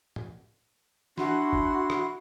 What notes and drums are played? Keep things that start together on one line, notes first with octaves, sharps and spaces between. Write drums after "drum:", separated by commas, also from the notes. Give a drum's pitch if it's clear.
drum: tom
D4 E4 F#4 C6, drum: snare
drum: kick
drum: rim click